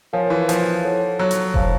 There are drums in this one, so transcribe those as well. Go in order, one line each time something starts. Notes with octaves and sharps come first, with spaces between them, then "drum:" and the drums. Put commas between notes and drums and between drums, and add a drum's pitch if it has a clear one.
F3 A#4 C#5 F5 G#5
E3
F3, drum: hi-hat
A4 C#5 F#5
F#3
drum: hi-hat
C5 F5 A5, drum: kick F1